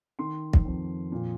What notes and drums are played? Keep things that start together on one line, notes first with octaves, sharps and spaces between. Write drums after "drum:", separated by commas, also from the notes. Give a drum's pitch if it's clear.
D#3 C6
drum: kick
F2
A#2